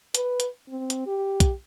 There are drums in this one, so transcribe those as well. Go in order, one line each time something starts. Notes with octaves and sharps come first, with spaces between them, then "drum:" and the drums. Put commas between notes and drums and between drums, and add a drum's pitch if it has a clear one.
B4, drum: hi-hat
drum: hi-hat
C4
drum: hi-hat
G4
drum: kick, hi-hat